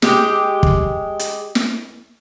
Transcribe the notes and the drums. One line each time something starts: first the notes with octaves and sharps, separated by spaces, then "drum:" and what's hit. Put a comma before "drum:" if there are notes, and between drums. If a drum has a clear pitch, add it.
G#3 G4, drum: snare
drum: kick
drum: hi-hat
drum: snare